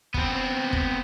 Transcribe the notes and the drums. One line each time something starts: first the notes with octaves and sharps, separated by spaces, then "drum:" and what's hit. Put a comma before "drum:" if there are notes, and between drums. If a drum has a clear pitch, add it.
B3 C4, drum: kick
drum: kick